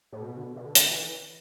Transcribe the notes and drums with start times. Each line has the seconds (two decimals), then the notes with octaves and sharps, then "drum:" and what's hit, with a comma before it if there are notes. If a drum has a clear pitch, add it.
0.12 A2
0.22 B2
0.37 D3
0.44 B2
0.56 B2
0.65 D3
0.75 drum: hi-hat
0.87 E3